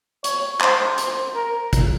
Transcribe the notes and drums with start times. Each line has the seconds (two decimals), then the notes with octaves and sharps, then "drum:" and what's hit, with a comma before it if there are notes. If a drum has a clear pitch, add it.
0.24 C#5, drum: hi-hat
0.61 C5, drum: clap
0.98 C5, drum: hi-hat
1.35 A#4
1.73 drum: kick, hi-hat